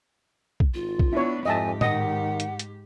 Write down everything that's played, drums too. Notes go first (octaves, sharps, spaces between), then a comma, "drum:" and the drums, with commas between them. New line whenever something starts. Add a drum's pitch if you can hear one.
drum: kick B1
G#1 F4
drum: kick B1
B3 D4 E4 C#5
F2 G#2 G4 D#5 E5 G#5 A5
D#3 D#5 F#5, drum: tom A2
drum: hi-hat
drum: hi-hat